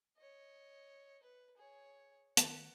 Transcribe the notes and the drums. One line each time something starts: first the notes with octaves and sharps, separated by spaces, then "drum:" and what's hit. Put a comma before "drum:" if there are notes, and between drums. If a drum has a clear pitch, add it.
C#5 D#5
B4
G#4 C#5
D#3 F#5, drum: hi-hat